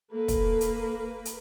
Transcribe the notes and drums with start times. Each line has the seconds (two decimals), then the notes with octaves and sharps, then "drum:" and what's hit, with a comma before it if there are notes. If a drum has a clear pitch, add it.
0.12 A#3 A4 B4
0.28 drum: kick, hi-hat
0.61 drum: hi-hat
1.25 drum: hi-hat